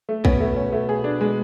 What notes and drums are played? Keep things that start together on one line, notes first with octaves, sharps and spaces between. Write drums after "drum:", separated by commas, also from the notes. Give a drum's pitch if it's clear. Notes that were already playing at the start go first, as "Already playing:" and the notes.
A3
B2 B3 C#4, drum: kick B1
A3
C#4
A3
G#4
D4
G#3